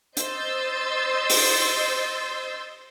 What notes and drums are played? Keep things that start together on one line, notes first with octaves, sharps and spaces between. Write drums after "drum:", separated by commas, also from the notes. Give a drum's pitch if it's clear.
C5 D#5 C6 E6 G6 A6, drum: hi-hat
drum: open hi-hat